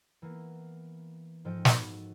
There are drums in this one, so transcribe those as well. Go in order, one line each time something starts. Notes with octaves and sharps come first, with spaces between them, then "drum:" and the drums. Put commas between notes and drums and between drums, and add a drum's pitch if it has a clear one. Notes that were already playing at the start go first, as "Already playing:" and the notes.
E3 A#3 B3
G#2 F3 A4 D#5 G5
F#4, drum: snare